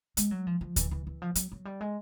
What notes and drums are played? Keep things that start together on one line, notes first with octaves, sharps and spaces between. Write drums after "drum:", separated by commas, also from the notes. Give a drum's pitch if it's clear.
G#3, drum: hi-hat
F#3
F3
F3
E3, drum: kick D2, hi-hat
E3
E3
F3
F#3, drum: hi-hat
F#3
G3
G#3